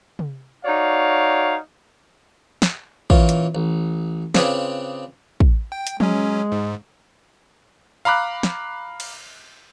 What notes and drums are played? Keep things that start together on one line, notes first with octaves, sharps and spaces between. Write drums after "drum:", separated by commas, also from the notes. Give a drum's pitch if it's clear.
drum: tom
D#4 F#4 C#5 D5 F5
drum: snare
A#2 E3 C#4 F4, drum: kick
drum: hi-hat
A1
C#3 C4 D4 F4 G#4 B4, drum: snare
drum: kick
G5
drum: hi-hat
F#3 G#3 C#4, drum: tom
G#2
F5 A#5 B5 D6 F#6
drum: snare
drum: cymbal